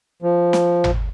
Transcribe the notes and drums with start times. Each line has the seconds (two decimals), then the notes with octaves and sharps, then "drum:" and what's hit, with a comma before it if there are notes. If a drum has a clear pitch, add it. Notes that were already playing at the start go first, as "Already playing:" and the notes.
0.22 F3
0.53 drum: snare
0.84 drum: tom G#1